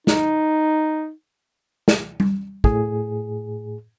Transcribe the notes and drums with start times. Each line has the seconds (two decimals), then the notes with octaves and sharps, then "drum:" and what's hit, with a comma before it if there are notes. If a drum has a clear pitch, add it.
0.07 D#4, drum: snare
1.88 drum: snare
2.20 drum: tom G3
2.64 A2 G#4, drum: kick